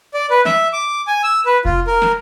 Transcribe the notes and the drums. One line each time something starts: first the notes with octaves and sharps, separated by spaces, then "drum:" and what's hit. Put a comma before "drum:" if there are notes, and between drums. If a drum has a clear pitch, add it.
D5
B4
E5, drum: snare
D6
G#5
E6
B4
F4, drum: kick F1
A#4
drum: snare